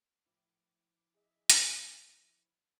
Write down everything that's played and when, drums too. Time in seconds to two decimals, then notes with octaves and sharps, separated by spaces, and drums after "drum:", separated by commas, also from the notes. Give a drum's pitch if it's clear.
0.26 A2 F3 E4 D6
1.14 G#4 D#5 E5
1.50 drum: hi-hat